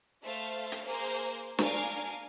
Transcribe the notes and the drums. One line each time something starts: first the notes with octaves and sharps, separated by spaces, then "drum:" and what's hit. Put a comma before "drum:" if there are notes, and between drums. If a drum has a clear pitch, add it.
A3 C5 F5
drum: hi-hat
A#3 G#4 C5
D4 A#4 F5 G#5, drum: snare